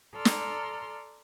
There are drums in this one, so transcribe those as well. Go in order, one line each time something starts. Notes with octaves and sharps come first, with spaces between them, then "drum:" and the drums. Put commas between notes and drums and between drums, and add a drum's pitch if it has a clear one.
A4 D5 A#5 C6 F6
drum: snare